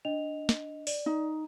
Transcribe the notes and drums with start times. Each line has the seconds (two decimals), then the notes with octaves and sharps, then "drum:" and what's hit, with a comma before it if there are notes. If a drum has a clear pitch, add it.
0.05 D4 D#5 F7
0.49 drum: snare
0.87 D5, drum: open hi-hat
1.06 D#4